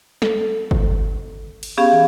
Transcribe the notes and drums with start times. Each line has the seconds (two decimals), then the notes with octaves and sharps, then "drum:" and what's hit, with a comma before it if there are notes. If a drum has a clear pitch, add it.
0.22 A4, drum: snare
0.71 drum: kick G1
1.63 drum: cymbal
1.78 B3 C#4 G4 G#4 F5
1.92 E3 G#4